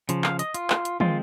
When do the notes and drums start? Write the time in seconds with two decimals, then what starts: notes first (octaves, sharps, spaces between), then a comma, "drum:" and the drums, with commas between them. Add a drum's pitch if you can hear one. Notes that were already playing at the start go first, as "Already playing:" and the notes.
0.09 C#3 F3, drum: hi-hat
0.24 F5, drum: clap
0.39 D#5, drum: hi-hat
0.54 F4, drum: hi-hat
0.70 drum: clap
0.85 drum: hi-hat
1.00 F3 G#3 C4 F4, drum: tom